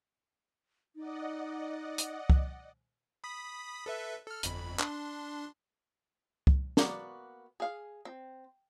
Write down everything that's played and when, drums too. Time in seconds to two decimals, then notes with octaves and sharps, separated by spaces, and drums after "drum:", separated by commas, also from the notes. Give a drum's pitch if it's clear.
0.95 D#4 D5 D#5 F#5
1.98 drum: hi-hat
2.30 drum: kick C2
3.24 B5 D#6 B6
3.86 A4 B4 E5
4.27 A4 F6
4.43 G1 F2 B5, drum: hi-hat
4.80 D4 C6, drum: clap
6.47 drum: kick C2
6.77 A#3 B3 F#4 D5, drum: snare
7.60 G#4 F5
8.05 C4